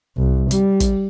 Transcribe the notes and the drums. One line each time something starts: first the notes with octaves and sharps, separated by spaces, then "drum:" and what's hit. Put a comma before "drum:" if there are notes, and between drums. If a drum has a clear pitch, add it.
C2
G3, drum: hi-hat
drum: kick, hi-hat